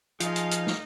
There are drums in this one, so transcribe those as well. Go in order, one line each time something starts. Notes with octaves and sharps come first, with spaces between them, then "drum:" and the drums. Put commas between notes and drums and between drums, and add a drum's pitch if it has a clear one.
F3 D#4 G#4 D#5 F5, drum: hi-hat
drum: hi-hat
drum: hi-hat
drum: snare